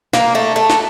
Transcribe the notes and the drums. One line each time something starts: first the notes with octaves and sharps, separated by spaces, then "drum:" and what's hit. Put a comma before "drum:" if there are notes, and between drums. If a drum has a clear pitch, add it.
A#3, drum: snare
A3
A3
drum: snare